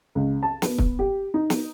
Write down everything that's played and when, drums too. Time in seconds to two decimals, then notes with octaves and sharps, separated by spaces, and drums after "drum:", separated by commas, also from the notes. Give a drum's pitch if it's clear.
0.15 C#2
0.43 A5
0.62 B3, drum: snare
0.78 drum: kick
0.99 G4
1.34 D#4
1.50 drum: snare